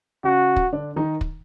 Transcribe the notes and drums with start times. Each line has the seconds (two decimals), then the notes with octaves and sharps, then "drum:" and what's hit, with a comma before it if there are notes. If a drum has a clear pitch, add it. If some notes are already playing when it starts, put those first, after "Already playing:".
0.24 C#3 C#4 F#4
0.56 drum: kick
0.72 D3 D4
0.96 D#3 D#4
1.21 drum: kick